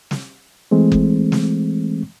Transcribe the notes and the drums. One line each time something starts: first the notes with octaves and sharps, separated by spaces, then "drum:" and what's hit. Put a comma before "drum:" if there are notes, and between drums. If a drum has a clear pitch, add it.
drum: snare
E3 G#3 A3 C4
drum: kick F#1
drum: snare